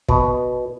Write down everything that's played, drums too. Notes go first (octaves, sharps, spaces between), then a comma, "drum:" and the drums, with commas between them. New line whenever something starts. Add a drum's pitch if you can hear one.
B2, drum: kick